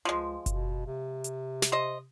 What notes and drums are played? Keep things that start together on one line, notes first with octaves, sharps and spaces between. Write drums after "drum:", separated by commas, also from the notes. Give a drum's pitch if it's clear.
C#2 F3 G#3
B2, drum: kick F#1, hi-hat
C3
drum: hi-hat
drum: snare
C5 D#5